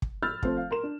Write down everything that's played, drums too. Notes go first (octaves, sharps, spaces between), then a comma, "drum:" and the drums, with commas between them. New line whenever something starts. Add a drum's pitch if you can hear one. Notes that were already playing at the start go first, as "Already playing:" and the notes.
drum: kick
B5 E6 F6 G6 A6
F3 A3 C4 C5, drum: kick
F5
A#4 C6 E7
D4